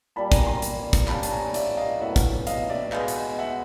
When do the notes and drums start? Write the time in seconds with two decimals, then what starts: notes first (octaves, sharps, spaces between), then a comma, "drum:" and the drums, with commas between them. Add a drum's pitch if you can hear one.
0.16 A#2 G3 A#3 A5 B5
0.32 G#5 A#5, drum: kick, hi-hat
0.47 A#5 C6
0.62 drum: hi-hat
0.93 drum: kick, hi-hat
1.08 G3 A#3 C#4 A5 B5, drum: clap
1.23 A5, drum: hi-hat
1.31 G#5 A#5
1.54 D5 E5, drum: hi-hat
1.77 D#5 F5
2.00 A2 F#3 B3 E5 F#5
2.16 drum: kick, hi-hat
2.47 D#5 F5, drum: hi-hat
2.70 D5 E5
2.92 B2 G#3 B3 D#5 F5, drum: clap
3.08 drum: hi-hat
3.39 E5 F#5